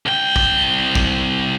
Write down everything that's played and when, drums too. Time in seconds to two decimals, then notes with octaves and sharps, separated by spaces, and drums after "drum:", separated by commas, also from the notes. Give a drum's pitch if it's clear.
0.06 C2 G5
0.36 drum: kick
0.95 drum: kick